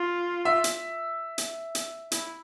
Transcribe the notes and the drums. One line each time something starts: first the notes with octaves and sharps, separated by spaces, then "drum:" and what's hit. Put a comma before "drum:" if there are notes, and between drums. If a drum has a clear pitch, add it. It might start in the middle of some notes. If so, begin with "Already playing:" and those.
Already playing: F4
E5
drum: hi-hat
drum: hi-hat
drum: hi-hat
E4, drum: hi-hat